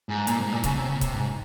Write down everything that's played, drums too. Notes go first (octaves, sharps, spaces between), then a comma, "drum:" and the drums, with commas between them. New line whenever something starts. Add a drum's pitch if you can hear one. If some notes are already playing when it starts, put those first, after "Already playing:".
G#2
A#2, drum: hi-hat
G#2
A#2
C#3, drum: kick C#1, hi-hat
C3
C#3
C3, drum: kick C#1, hi-hat
G#2